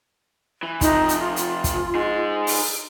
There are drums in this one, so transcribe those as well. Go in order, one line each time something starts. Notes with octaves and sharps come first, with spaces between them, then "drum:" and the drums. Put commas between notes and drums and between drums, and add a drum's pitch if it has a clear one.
E3
C3 F3 D#4, drum: kick, hi-hat
drum: hi-hat
F4
drum: hi-hat
drum: kick, hi-hat
D#4 G#4
drum: open hi-hat